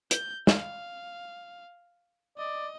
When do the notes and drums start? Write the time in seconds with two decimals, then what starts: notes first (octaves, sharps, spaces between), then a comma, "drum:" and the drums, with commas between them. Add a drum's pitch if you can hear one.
0.11 G6, drum: hi-hat
0.47 F5, drum: snare
2.38 D5 D#5